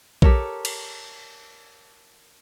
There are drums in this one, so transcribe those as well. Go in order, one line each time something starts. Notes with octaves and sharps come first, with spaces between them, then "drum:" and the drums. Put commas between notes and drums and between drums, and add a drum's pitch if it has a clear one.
G4 A4 A#4 C#5, drum: kick A#1
drum: cymbal